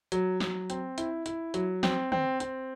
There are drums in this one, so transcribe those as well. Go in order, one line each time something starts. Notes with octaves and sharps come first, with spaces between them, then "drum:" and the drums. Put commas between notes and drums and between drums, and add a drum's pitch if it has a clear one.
F#3, drum: hi-hat
F#3, drum: snare
C4, drum: hi-hat
E4, drum: hi-hat
E4, drum: hi-hat
F#3, drum: hi-hat
C4, drum: snare
C4, drum: tom
C4, drum: hi-hat